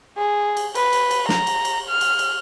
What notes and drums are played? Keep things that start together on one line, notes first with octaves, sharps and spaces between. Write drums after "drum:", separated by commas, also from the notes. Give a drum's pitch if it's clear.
G#4
drum: cymbal
B4, drum: cymbal
drum: cymbal
drum: cymbal
A#5, drum: snare
drum: cymbal
drum: cymbal
F6
drum: cymbal
drum: cymbal